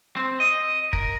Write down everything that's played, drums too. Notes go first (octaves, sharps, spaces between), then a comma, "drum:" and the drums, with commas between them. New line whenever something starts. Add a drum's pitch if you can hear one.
C4
D#5
A#4, drum: kick